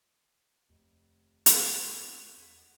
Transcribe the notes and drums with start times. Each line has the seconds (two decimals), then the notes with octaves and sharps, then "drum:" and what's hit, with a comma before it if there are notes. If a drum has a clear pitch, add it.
0.69 F1 D#2
1.46 drum: hi-hat
1.75 B2 F#3
2.37 E2 B6 D#7
2.57 D#2 D#5 F#5